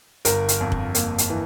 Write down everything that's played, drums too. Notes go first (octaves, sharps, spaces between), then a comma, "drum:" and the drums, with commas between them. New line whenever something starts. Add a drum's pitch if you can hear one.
G1 A#4, drum: hi-hat
drum: hi-hat
F2
drum: kick F1
A#3, drum: hi-hat
drum: hi-hat
E3